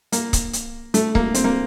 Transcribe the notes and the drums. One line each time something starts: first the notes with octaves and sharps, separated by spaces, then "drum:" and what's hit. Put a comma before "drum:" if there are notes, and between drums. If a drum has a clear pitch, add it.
A#3, drum: hi-hat
drum: kick C#1, hi-hat
drum: hi-hat
A3, drum: hi-hat
A#3, drum: kick C#1
C4, drum: hi-hat
A#3